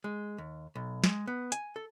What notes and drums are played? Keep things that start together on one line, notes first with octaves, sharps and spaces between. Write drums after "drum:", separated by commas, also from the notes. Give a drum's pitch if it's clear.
G#3
D#2
B1
G#3, drum: snare
B3
G#5, drum: hi-hat
A4